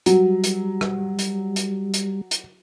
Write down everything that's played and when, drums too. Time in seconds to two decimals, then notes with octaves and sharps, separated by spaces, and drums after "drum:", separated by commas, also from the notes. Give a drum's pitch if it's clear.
0.06 F#3 G3, drum: hi-hat
0.44 drum: hi-hat
0.81 drum: rim click
1.19 drum: hi-hat
1.56 drum: hi-hat
1.94 drum: hi-hat
2.31 drum: hi-hat